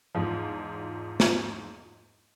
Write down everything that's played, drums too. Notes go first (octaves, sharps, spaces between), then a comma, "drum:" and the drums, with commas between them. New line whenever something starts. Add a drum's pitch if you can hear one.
E2 G#2 F3
drum: snare